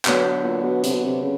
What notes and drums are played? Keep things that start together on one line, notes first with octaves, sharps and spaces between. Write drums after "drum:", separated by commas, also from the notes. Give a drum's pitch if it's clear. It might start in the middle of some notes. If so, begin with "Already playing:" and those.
B2 D3 F#3 B3, drum: clap
B2
A#2
B2
C3, drum: hi-hat
B2
C3
C#3